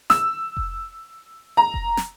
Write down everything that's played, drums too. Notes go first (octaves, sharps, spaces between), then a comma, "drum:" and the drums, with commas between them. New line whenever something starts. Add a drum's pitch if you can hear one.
E6, drum: snare
drum: kick F1
A#5
drum: kick F1
drum: snare